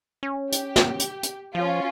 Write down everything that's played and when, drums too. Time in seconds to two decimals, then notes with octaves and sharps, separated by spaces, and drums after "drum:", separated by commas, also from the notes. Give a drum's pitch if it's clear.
0.23 C#4
0.52 G4, drum: hi-hat
0.76 drum: snare
0.99 drum: hi-hat
1.23 drum: hi-hat
1.55 F3 C#4 F4